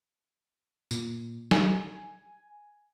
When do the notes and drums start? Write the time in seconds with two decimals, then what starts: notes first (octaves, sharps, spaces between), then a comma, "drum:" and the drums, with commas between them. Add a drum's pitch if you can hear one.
0.91 A#2, drum: tambourine
1.51 G#5, drum: snare